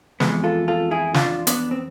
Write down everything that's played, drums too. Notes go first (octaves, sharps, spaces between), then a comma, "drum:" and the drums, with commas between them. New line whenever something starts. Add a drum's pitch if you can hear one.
F2 E3 G#3 B3, drum: snare
F4 A4
F4 A4
E4 G#4
D4 F4, drum: snare
B3 D4, drum: hi-hat
C4